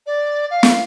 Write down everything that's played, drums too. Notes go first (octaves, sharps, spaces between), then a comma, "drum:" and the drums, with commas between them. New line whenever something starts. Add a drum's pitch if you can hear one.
D5
F5
drum: snare